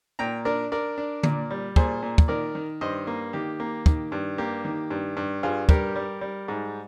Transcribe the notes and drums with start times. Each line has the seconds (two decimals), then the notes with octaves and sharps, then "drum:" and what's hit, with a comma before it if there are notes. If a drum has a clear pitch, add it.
0.19 A#2 G5 A#5
0.45 D4 A#4 D5
0.72 D4 A#4 D5
0.98 D4
1.23 A#2, drum: tom D3
1.51 G3
1.76 A#2 G#4 C5, drum: kick
2.03 A#2
2.18 drum: kick
2.28 D#3 A#4 D5
2.55 D#3
2.81 G2 C5 D#5
3.07 A#3
3.33 D#3 G4
3.60 A#3
3.86 D#3, drum: kick
4.12 G2
4.38 A#3 G4
4.65 D#3
4.90 G2
5.17 G2
5.43 G2 F4 G#4
5.69 G3 G4 A#4, drum: kick
5.96 G3
6.21 G3
6.48 G#2